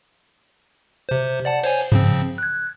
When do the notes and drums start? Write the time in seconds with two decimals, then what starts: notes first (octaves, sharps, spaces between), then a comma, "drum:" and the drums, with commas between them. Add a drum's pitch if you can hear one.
1.09 C3 C5
1.45 D5 F#5 A5
1.63 C5 C#5 G#5, drum: cymbal
1.92 C#3 F3 C4, drum: tom G2
2.38 F#6 G#6